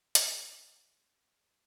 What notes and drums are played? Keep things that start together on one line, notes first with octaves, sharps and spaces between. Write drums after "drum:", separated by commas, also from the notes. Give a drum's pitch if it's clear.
C4 F5, drum: hi-hat
F5
G#4 G5
F5
F4 D#5
C4 D5
C4
G#4
A#3 D5